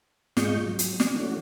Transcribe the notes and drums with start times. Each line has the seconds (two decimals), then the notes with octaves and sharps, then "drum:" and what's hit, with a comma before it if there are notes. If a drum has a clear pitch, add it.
0.37 G#2 G#3 F4 D#5 C#6 G6, drum: snare
0.66 F#3
0.79 drum: hi-hat
1.00 drum: snare
1.16 E3 A3 C#4 D4 F#4